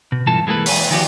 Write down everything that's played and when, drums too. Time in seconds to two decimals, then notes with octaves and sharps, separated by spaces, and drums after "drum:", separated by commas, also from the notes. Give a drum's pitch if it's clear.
0.12 B2
0.27 B1 G2 E3 F4 A4 A5
0.47 E3 G#3 A#3 B3 A4 B4
0.66 B4 G#5, drum: open hi-hat
0.90 D#3 F3 F#4 G4